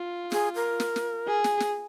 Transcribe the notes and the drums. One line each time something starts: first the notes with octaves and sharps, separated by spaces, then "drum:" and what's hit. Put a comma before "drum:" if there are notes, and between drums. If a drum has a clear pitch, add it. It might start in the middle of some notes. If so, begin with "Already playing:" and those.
Already playing: F4
G#4, drum: snare
A#4
drum: snare
drum: snare
G#4
drum: snare
drum: snare